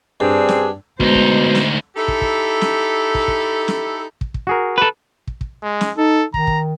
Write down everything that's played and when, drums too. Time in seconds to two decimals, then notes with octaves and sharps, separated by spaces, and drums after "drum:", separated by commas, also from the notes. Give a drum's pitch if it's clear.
0.20 G2 C4 D4 G#4
0.49 drum: snare
1.00 D2 B2 G#3 D#4 C5, drum: kick
1.15 drum: kick
1.55 drum: snare
1.96 D#4 E4 G4 A4
2.08 drum: kick
2.21 drum: kick
2.61 drum: snare
3.15 drum: kick
3.28 drum: kick
3.68 drum: snare
4.21 drum: kick
4.34 drum: kick
4.47 F#4 G#4 A#4
4.78 A4 B4
5.27 drum: kick
5.41 drum: kick
5.63 G#3
5.81 drum: snare
5.98 D#4 A4
6.34 D#3 A#5, drum: kick
6.47 drum: kick